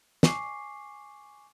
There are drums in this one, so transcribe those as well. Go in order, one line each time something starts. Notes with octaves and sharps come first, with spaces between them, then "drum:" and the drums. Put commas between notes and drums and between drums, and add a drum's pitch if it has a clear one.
G#5 C#6 D6 C7, drum: snare